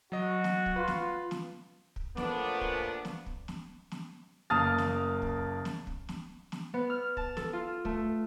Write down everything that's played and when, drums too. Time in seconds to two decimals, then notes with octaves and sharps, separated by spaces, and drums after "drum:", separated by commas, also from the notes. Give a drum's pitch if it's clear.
0.12 F#3 F#4 D#5
0.44 drum: snare
0.66 drum: kick
0.76 F4 B4
0.88 drum: snare
1.31 drum: snare
1.96 drum: kick
2.17 A#2 F3 A3 B3 D4, drum: snare
2.61 drum: kick
3.05 drum: snare
3.26 drum: kick
3.48 drum: snare
3.92 drum: snare
4.50 F#1 A#3 A5 D#6 F6 A6
4.78 drum: snare
5.22 drum: kick
5.65 drum: snare
5.87 drum: kick
6.09 drum: snare
6.52 drum: snare
6.74 B3
6.90 F6
7.17 A5, drum: kick
7.37 A4, drum: snare
7.53 F4
7.85 A3, drum: kick